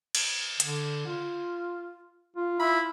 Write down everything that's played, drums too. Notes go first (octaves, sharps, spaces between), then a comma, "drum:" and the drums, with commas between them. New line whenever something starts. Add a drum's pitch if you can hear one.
drum: cymbal
D3, drum: hi-hat
F4
F4
E4 B5